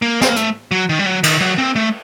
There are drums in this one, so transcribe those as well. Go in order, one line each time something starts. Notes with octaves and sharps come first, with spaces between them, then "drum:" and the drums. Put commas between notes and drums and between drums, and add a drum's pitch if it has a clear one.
A#3
C4, drum: snare
A#3
A3, drum: hi-hat
F#3
D#3
G3
F#3
D#3, drum: cymbal
F#3
C4
A3